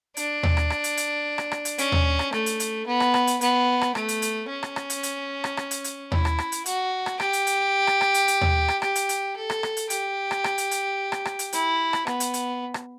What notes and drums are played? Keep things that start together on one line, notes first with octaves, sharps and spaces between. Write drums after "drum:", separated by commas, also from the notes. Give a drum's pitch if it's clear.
D4, drum: hi-hat
drum: tom D#2
drum: rim click
drum: rim click
drum: hi-hat
drum: hi-hat
drum: rim click
drum: rim click
drum: hi-hat
C#4, drum: hi-hat
drum: tom D#2
drum: rim click
A3, drum: rim click
drum: hi-hat
drum: hi-hat
B3
drum: rim click
drum: rim click
drum: hi-hat
B3, drum: hi-hat
drum: rim click
A3, drum: rim click
drum: hi-hat
drum: hi-hat
C#4
drum: rim click
drum: rim click
drum: hi-hat
drum: hi-hat
drum: rim click
drum: rim click
drum: hi-hat
drum: hi-hat
E4, drum: tom D#2
drum: rim click
drum: rim click
drum: hi-hat
F#4, drum: hi-hat
drum: rim click
G4, drum: rim click
drum: hi-hat
drum: hi-hat
drum: rim click
drum: rim click
drum: hi-hat
drum: hi-hat
drum: tom D#2
drum: rim click
G4, drum: rim click
drum: hi-hat
drum: hi-hat
A4
drum: rim click
drum: rim click
drum: hi-hat
G4, drum: hi-hat
drum: rim click
drum: rim click
drum: hi-hat
drum: hi-hat
drum: rim click
drum: rim click
drum: hi-hat
E4, drum: hi-hat
drum: rim click
B3, drum: rim click
drum: hi-hat
drum: hi-hat
drum: rim click